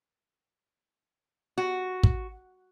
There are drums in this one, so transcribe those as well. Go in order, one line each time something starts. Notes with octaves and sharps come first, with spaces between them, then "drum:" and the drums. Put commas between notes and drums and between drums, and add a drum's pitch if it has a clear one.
F#4
drum: kick